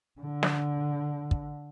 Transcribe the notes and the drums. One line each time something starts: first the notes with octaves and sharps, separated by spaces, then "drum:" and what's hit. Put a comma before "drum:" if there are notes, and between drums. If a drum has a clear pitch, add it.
D3
drum: snare
drum: kick